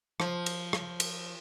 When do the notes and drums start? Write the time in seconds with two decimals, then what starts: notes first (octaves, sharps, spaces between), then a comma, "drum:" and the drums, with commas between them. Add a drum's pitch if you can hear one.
0.20 F3, drum: rim click
0.46 drum: cymbal
0.73 drum: rim click
1.00 drum: cymbal